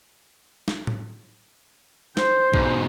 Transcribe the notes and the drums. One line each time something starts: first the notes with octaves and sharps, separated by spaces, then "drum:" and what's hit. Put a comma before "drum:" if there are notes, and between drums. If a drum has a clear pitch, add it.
drum: snare
drum: tom A2
C5, drum: snare
G#2 B2, drum: kick B1